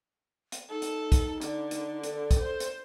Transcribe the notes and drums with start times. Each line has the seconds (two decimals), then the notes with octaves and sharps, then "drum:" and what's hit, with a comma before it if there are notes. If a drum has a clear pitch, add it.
0.52 drum: hi-hat
0.70 D#4 A4
0.82 drum: hi-hat
1.12 drum: kick, hi-hat
1.41 D3, drum: hi-hat
1.71 drum: hi-hat
2.04 A4, drum: hi-hat
2.31 drum: kick, hi-hat
2.40 C5
2.60 drum: hi-hat